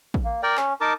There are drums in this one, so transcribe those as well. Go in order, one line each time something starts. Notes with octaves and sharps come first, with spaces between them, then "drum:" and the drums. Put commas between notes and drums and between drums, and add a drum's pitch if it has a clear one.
drum: kick A1
A#3
A#4 D5 G5
C#4, drum: clap
D#4 A#4 A5 D6